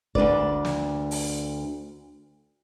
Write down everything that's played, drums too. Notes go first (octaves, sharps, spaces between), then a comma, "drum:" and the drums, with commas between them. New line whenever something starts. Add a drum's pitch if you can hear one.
D2 D4 B4 D5, drum: kick
drum: snare
drum: open hi-hat